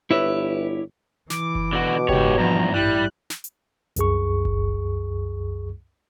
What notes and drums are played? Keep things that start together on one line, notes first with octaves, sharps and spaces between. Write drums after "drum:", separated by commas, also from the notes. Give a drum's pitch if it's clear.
G1 E4 G4 B4 C#5 E5
E3 D6, drum: snare
drum: kick F#1
B2 D3 F#4
G#1 G#2 C#3 G4 C#5, drum: kick F#1
E2 G2 F3 A#5
A1 G2 G3 E4 F#6
drum: snare
drum: hi-hat
C2 F#2 G#4 C#6, drum: hi-hat
drum: kick F#1